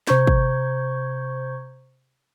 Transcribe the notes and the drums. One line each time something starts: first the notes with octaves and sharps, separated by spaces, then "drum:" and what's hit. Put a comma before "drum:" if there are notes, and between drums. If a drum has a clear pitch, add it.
C3 C5 A#5 C#6 G6 G#6, drum: snare
drum: kick